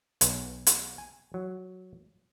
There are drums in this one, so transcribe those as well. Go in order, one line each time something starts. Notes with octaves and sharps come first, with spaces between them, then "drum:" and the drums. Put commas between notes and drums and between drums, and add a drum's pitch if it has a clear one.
B1, drum: hi-hat
drum: hi-hat
G#5
F#3